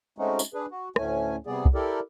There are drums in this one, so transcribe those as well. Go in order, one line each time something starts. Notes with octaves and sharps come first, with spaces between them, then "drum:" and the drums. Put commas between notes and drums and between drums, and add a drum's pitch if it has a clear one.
G#3 A3 C4 C#4 D#4 F#4
drum: tambourine
D4 G#4 B4
F#4
D2 A2 A3 C#4 G#5, drum: rim click
C3 G3 B3 G#4 D5
drum: kick
E4 G4 A4 A#4 D5